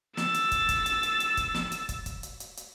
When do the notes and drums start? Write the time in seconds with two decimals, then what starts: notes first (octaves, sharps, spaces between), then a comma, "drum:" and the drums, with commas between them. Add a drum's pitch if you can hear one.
0.17 E6 A6, drum: snare
0.34 drum: hi-hat
0.52 drum: kick, hi-hat
0.69 drum: kick, hi-hat
0.86 drum: hi-hat
1.03 drum: hi-hat
1.20 drum: hi-hat
1.37 drum: kick, hi-hat
1.54 drum: snare
1.72 drum: hi-hat
1.89 drum: kick, hi-hat
2.06 drum: kick, hi-hat
2.23 drum: hi-hat
2.40 drum: hi-hat
2.57 drum: hi-hat